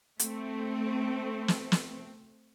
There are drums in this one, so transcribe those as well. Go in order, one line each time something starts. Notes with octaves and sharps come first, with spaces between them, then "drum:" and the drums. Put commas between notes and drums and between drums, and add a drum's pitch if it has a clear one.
A3 C4, drum: hi-hat
drum: snare
drum: snare